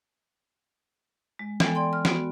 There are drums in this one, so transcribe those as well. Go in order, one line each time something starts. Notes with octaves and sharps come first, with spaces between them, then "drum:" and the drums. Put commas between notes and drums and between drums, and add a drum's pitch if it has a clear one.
G#3
E3 B3 A4 G5 G#5, drum: snare
D5 G5 C6
F6
B3 F#4, drum: snare